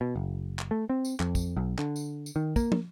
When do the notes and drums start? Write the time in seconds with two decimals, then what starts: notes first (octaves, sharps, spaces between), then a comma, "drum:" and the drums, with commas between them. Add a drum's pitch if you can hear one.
0.01 B2
0.16 F#1
0.59 drum: clap
0.71 A3
0.89 C4
1.05 drum: tambourine
1.20 F2, drum: clap
1.35 drum: kick, tambourine
1.57 B1
1.78 D3, drum: clap
1.96 drum: tambourine
2.26 drum: tambourine
2.36 D#3
2.56 A#3, drum: kick, tambourine
2.72 drum: tom